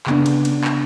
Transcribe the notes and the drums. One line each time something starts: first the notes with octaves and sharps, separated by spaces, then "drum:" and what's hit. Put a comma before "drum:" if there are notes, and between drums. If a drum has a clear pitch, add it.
C#3 B3 D4, drum: clap
drum: cymbal
drum: cymbal
drum: clap